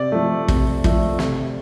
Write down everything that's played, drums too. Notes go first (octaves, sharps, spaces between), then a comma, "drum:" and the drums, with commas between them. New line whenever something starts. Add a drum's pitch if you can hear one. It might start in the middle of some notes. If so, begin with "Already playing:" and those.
Already playing: C3 D5
F3 A3
C3, drum: kick
F3 A3, drum: kick
C3, drum: snare